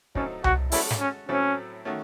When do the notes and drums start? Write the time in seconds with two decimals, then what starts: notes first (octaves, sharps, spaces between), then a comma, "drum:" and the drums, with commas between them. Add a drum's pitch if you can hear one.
0.15 A2 F#3 C4 C#4 D#4 A4, drum: kick
0.44 F#4, drum: tom C2
0.72 G#3 C#4 E4 F#4 A4, drum: open hi-hat
0.90 drum: snare
1.00 C#4
1.29 A2 F#3 C4 C#4 E4 A4
1.85 D#3 A3 C#4 F#4